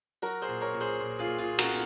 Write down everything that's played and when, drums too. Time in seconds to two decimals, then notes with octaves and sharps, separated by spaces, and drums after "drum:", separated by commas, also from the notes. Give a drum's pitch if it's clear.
0.22 F#3 F#4 A#4
0.42 G#4 C5
0.48 A#2
0.61 A#4 C#5
0.74 A#2
0.80 G#4 C5
1.00 A#2
1.19 F4 G#4
1.26 A#2
1.38 F4 G#4
1.51 A#2
1.59 F#4 A#4, drum: cymbal